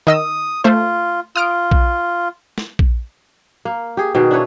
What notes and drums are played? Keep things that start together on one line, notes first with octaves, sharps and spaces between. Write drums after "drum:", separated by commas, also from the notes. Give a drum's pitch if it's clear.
D#3 D#5 D#6 E6
A3 F4 C5
F4 D#6 F6 D7
drum: kick A#1
drum: snare
drum: kick A#1
A#3
G4 G#4
B2 D#3 G#4
D4 E4 B4 C#5